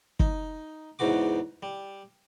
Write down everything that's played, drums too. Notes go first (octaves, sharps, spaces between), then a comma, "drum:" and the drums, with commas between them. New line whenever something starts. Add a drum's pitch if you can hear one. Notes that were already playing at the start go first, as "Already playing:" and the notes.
D#4, drum: kick
E2 G#2 C#3 E3 F#4 D6
G3